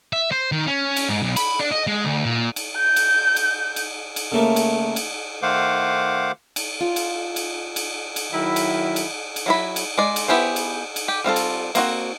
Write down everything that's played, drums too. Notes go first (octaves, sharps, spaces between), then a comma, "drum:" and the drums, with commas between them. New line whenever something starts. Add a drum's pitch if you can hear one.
E5
C5
D#3
C#4
drum: cymbal
G#2
B1
B5, drum: cymbal
D4
D#5
G#3
D2
A#2
drum: cymbal
G6
drum: cymbal
drum: cymbal
drum: cymbal
drum: cymbal
C#3 A3 A#3
drum: cymbal
drum: cymbal
D#3 A3 C5 F5 F#5 D6
drum: cymbal
F4
drum: cymbal
drum: cymbal
drum: cymbal
drum: cymbal
D#3 F#3 E4
drum: cymbal
drum: cymbal
drum: cymbal
F#3 E4 B5
drum: cymbal
G#3 D5
drum: cymbal
B3 E4 G4 G#4 C5
drum: cymbal
drum: cymbal
G4
G3 C4 F4 A4
drum: cymbal
A#3 C4 F#4, drum: cymbal